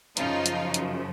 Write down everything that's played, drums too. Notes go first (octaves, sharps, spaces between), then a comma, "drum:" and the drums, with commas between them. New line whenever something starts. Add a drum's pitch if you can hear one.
F#2 C#3 F3 D#4 F4, drum: hi-hat
drum: hi-hat
drum: hi-hat